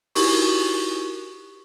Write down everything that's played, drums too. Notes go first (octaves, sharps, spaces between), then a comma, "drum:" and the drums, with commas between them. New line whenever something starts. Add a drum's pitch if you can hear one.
D#4 E4 F#4 G4 A#4 C#6, drum: open hi-hat